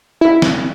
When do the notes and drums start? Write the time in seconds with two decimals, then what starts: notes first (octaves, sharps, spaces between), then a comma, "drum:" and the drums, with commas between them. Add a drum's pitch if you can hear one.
0.21 E4
0.42 drum: snare